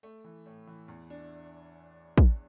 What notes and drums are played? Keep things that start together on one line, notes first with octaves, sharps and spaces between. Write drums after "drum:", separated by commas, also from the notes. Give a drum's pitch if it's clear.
A3
E3
A2
E3
E2
D4
drum: kick